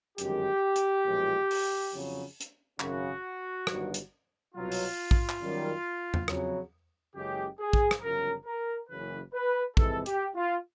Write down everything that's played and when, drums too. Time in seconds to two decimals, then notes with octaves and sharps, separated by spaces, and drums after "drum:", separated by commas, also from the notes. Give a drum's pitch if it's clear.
0.18 G1 F#2 D#3 G#3 G4, drum: hi-hat
0.76 drum: hi-hat
1.05 B1 A#2 F3 G#3
1.51 drum: open hi-hat
1.93 F2 C#3 F#3
2.41 drum: hi-hat
2.80 G#1 F#2 C#3 F#4, drum: clap
3.67 G1 G2 D#3 F#3, drum: rim click
3.94 drum: hi-hat
4.54 C2 B2 F#3 F4
4.72 drum: open hi-hat
5.11 drum: kick
5.29 drum: clap
5.41 F#2 D#3 G3
6.14 drum: tom E2
6.28 F2 C#3 F#3, drum: rim click
7.15 F#1 F#2 C#3 E3 G#3 G4
7.59 G#4
7.73 drum: kick
7.91 drum: rim click
8.03 G1 F#2 C#3 F3 A#4
8.46 A#4
8.89 F#1 F#2 C#3 E3 B4
9.33 B4
9.77 F2 C3 E3 G#3 A4, drum: kick
10.06 G4, drum: hi-hat
10.35 F4